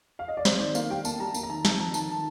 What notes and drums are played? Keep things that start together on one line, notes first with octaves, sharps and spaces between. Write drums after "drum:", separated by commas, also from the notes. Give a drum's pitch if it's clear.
F5
D#5
D5
C4 C5, drum: snare
D#3 D5
A#3 F5, drum: tambourine
G3 G5
A#3 A5, drum: tambourine
G3 A#5
A#3, drum: tambourine
A#5
D#3 A5
C4 A5, drum: snare
F3 A#5
D#3 A5, drum: tambourine
D#3